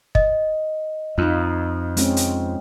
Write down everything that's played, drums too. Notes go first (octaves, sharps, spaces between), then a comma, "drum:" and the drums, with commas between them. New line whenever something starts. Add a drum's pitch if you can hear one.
D#5, drum: kick
F2 D#4 F4
G#3 C4 C#4, drum: hi-hat
drum: hi-hat